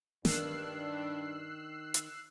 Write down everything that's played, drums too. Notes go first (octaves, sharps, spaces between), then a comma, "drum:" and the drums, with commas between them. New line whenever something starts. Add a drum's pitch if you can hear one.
G2 D#3 D4 E6 F#6 C7, drum: snare
drum: hi-hat